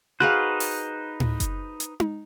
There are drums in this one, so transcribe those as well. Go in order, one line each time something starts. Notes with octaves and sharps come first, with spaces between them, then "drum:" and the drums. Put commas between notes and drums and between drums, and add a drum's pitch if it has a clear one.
D#4 F#4 G#4 B4 C5 F5 F#6
drum: open hi-hat
drum: tom A2
drum: kick F#1, hi-hat
drum: hi-hat
drum: tom D#4